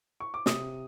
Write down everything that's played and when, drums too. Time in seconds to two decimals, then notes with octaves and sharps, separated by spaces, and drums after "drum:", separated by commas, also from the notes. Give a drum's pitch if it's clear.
0.20 C#6
0.34 D6
0.46 C3 D#6, drum: snare